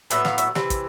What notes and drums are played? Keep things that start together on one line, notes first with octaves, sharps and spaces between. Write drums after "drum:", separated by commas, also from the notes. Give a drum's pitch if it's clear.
A2 F#3 B3 E5, drum: hi-hat
F5, drum: snare
E5, drum: hi-hat
C3 E3, drum: snare
drum: kick, hi-hat